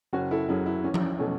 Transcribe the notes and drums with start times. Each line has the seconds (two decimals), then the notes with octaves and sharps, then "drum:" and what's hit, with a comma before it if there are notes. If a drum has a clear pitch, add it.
0.13 F#1 C#4 F#4
0.31 E4 A4
0.48 F#2 C#3 F#3 E4
0.66 E4
0.84 E2 C#4
0.94 drum: tom F3
1.19 B2 A3 C#4